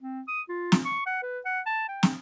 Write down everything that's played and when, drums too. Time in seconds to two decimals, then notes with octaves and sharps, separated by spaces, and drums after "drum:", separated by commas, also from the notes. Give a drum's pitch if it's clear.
0.02 C4
0.28 D#6
0.49 F4
0.72 drum: snare
0.85 C#6
1.06 F#5
1.23 B4
1.45 F#5
1.66 A5
1.89 G5
2.03 drum: snare